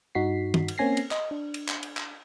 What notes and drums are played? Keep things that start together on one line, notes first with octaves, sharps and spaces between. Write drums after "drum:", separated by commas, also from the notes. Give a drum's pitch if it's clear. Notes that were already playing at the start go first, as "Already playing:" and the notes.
G2 D#4 F#4 B6 C7
drum: tom D#3
drum: cymbal
A#3 C4 C#4 G#5 A#6 C7
drum: cymbal
D#5, drum: clap
D4
drum: cymbal
drum: clap
drum: cymbal
drum: clap